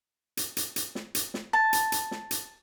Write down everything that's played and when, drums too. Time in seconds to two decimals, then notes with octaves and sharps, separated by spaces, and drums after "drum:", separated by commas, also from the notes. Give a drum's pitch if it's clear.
0.37 drum: hi-hat
0.57 drum: hi-hat
0.76 drum: hi-hat
0.95 drum: snare
1.15 drum: hi-hat
1.34 drum: snare
1.53 A5
1.73 drum: hi-hat
1.92 drum: hi-hat
2.11 drum: snare
2.31 drum: hi-hat